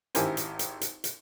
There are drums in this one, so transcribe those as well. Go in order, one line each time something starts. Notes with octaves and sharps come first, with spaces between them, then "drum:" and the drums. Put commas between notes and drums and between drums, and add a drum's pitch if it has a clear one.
G#1 E4 G4 A#4 C5 G#5, drum: hi-hat
drum: hi-hat
drum: hi-hat
drum: hi-hat
drum: hi-hat